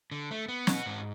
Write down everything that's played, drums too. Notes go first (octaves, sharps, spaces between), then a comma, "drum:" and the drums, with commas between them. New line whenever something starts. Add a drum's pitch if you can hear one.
D3
A3
B3
F#4, drum: snare
G#2